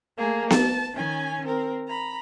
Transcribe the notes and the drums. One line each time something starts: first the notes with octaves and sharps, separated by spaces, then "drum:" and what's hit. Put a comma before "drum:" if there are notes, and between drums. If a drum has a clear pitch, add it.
A3 A#3 G#4
A5, drum: snare B3
D#3 C#4 G#5
C4 A#4
A#5 B5